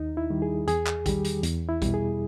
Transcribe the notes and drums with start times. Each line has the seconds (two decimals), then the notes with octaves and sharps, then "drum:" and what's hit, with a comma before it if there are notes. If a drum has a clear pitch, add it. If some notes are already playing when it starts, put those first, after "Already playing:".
Already playing: D#2 D#4
0.17 E4
0.30 D#3 G3
0.42 G#4
0.67 E2 G#4, drum: hi-hat
0.87 drum: clap
1.06 D#3 G3 G4, drum: kick B1, hi-hat
1.24 drum: hi-hat
1.43 E2, drum: hi-hat
1.69 E4
1.82 B2 G3, drum: kick B1, hi-hat
1.94 G#4